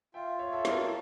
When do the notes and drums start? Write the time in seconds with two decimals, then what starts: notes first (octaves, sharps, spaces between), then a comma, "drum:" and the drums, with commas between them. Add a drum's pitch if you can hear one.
0.14 F4 E5 G5
0.39 C#5 E5
0.52 A4 E5
0.65 A#4 D5, drum: snare